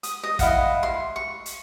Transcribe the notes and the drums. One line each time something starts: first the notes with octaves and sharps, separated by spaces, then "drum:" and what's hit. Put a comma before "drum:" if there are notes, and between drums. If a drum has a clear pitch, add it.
D#6, drum: hi-hat
D#5
E4 D#5 F5 F#5, drum: kick, hi-hat
C6
C#6
drum: hi-hat